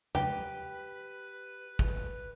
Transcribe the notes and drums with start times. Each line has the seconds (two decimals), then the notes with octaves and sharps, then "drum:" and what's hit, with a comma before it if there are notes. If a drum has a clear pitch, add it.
0.15 G4 B4, drum: tom E2
1.79 drum: kick